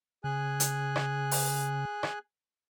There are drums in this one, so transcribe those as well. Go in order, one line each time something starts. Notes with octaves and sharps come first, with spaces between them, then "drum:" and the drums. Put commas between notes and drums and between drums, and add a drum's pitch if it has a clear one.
C#3 G#4 G#5 F#6
drum: hi-hat
drum: rim click
drum: open hi-hat
drum: rim click